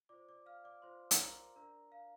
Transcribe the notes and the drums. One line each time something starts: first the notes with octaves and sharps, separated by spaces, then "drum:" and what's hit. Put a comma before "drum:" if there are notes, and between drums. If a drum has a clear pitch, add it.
F4 C5 D5 D6
D5 D6
F5 F6
D5 D6
F4 C5 C6
drum: hi-hat
A#4 A#5
D4 A#4 D5 A#5
F5